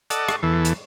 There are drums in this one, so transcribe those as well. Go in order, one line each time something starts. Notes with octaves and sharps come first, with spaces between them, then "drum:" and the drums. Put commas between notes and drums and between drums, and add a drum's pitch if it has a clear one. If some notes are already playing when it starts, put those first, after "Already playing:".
A4 D5 D#5 F#5 A5, drum: hi-hat
drum: rim click
E2 E3 A4
drum: hi-hat